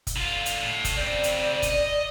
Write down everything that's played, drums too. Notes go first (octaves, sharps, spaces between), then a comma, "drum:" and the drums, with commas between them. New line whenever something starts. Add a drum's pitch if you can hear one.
drum: kick, hi-hat
D3 F4
drum: hi-hat
A2
drum: kick, hi-hat
C#3 C4 D5
drum: hi-hat
D#5, drum: kick, hi-hat